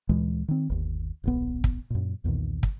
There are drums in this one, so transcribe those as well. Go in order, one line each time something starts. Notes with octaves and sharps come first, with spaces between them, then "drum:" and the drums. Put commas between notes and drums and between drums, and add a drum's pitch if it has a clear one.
D2 A#2 E3 G#3
D#3 C4
G1 D#2
D1 A#1 B3
drum: kick
F#2 A#2
B1 E2 A#2 D#3
drum: kick